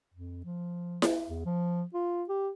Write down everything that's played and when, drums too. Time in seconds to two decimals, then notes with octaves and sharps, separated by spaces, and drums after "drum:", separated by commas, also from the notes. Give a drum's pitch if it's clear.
0.14 F2
0.45 F3
1.02 drum: snare E4
1.30 E2
1.45 F3
1.94 F4
2.29 G4